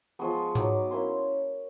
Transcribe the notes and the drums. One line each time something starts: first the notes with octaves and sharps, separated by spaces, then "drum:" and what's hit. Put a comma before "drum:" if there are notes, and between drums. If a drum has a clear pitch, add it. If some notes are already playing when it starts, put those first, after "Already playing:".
F3 G#3 B3 C#6
F#3 B3 D#4 D6, drum: tom G#2
A#3 C#4 E4 C6